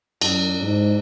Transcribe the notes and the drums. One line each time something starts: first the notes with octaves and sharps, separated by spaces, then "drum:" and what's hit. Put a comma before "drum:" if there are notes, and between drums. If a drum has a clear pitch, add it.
F#2, drum: cymbal
G#2